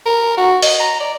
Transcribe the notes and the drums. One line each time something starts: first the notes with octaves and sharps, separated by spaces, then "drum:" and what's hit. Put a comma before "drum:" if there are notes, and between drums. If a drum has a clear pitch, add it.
A#4
F#4
D#5, drum: open hi-hat
A#5
D5